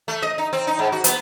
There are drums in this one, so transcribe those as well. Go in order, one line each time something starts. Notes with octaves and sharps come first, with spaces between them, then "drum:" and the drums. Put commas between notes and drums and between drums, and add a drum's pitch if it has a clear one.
A3
D#5
D#4
C4
D#4
G#2
F#4
B3, drum: hi-hat